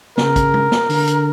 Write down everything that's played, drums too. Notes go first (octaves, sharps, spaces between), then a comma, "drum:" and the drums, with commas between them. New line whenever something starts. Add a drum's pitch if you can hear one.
C#3 A#4, drum: snare
drum: kick A1, hi-hat
drum: tom
drum: snare
D3, drum: open hi-hat
drum: hi-hat